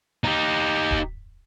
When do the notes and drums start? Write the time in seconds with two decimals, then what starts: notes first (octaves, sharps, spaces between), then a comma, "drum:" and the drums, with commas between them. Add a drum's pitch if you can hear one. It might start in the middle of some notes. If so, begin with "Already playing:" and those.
0.24 D#4 G4
0.91 drum: kick D1